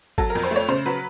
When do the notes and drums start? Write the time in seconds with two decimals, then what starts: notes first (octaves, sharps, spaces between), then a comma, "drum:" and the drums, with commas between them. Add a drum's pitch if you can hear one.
0.18 F#3 A4, drum: kick G#1
0.30 A#4
0.35 F2
0.43 C5
0.51 A3 C#5
0.68 C#3 C5
0.86 F#3 B4